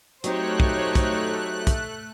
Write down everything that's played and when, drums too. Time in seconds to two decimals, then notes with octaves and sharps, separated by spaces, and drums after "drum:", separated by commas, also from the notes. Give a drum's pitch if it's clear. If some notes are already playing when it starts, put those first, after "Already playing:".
0.24 F#3 A3 C4 D#4 G4 C5 C#5 F#6, drum: hi-hat
0.60 drum: kick
0.95 drum: kick, hi-hat
1.67 drum: kick, hi-hat